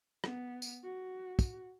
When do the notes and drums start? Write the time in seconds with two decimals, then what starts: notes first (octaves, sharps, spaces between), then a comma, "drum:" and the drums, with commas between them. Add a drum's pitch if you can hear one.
0.24 B3, drum: rim click
0.62 drum: tambourine
0.84 F#4
1.39 drum: kick, tambourine